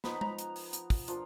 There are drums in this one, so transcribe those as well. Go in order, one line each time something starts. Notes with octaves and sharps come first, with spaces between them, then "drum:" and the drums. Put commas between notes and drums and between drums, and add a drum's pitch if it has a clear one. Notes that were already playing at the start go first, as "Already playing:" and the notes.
F3 B3 D#4 B5, drum: snare
B5
A#5, drum: tom G#3
drum: hi-hat
drum: open hi-hat
drum: hi-hat
drum: kick, open hi-hat
F3 A#3 D4 F4, drum: hi-hat